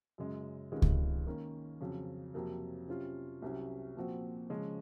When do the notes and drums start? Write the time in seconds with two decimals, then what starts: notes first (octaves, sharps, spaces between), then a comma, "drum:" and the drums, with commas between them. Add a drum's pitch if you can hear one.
0.18 F#2 C#3 G#3
0.72 C#2 C3 D#3 G#3
0.82 drum: kick C#2
1.27 D#3 A#3 C#4
1.80 F2 C#3 F#3
2.34 F2 C3 F#3 A#3
2.88 C3 F#3 C#4 F4
3.42 C2 C3 F#3 C#4
3.96 A#2 F3 C4 F#4
4.50 C#3 F3 G#3 C#4